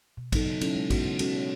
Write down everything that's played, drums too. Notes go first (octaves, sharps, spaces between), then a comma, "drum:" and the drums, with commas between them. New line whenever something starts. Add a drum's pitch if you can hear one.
B2
F#3 B3 D#4 A4, drum: kick, cymbal
C#3
F#3 C#4 E4 A4, drum: cymbal
G#3
B3 D#4 F#4, drum: kick, cymbal
C#3
G#3 C#4 F#4 A4, drum: cymbal
B2